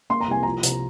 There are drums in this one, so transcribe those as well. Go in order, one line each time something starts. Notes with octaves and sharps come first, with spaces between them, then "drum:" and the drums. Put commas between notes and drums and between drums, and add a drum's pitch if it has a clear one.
A#3 C6
A#5
C2 G#5
F3 A#5
C3, drum: hi-hat